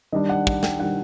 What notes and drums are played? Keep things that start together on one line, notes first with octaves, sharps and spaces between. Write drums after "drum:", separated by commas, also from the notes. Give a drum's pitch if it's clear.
D#3 G3 D4 D#5
F#5
F#5, drum: kick
G5, drum: snare
D#3 G3 D4 F#5